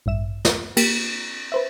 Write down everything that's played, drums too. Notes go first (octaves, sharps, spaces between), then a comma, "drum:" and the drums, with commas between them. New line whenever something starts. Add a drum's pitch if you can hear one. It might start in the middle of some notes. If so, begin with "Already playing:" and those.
A1 G2 E5 E7
drum: snare
A#3 G4, drum: cymbal
B4 C5 E5